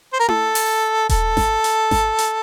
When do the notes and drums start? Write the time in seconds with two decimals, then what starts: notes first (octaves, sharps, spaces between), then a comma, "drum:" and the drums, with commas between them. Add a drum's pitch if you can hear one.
0.13 C5
0.20 A#4
0.28 A4, drum: tom E4
0.55 drum: open hi-hat
1.09 A4, drum: kick D#1, hi-hat
1.37 drum: snare G#1
1.64 drum: hi-hat
1.91 drum: snare G#1
2.19 drum: hi-hat